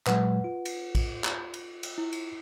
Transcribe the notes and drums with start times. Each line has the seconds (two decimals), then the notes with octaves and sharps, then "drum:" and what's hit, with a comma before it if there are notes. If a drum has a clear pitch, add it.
0.07 A#2 F#3 G#3 B4 F#5, drum: clap
0.44 F4
0.65 drum: cymbal
0.95 drum: kick, cymbal
1.24 drum: clap
1.54 drum: cymbal
1.83 drum: cymbal
1.98 E4
2.12 drum: cymbal